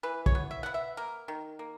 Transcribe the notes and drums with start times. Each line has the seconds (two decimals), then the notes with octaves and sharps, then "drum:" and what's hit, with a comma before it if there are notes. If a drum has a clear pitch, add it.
0.03 E3 B4
0.26 C#5, drum: kick
0.35 B3
0.51 E5
0.63 B3 F#5
0.74 E5
0.97 A#3 A#4
1.28 D#3
1.59 A#3